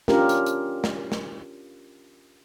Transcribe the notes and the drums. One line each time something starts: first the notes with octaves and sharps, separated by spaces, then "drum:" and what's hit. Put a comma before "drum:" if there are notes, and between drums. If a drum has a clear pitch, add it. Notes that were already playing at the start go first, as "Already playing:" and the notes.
C#4 D4 F4 G4 A#4, drum: snare
drum: hi-hat
drum: hi-hat
drum: snare
drum: snare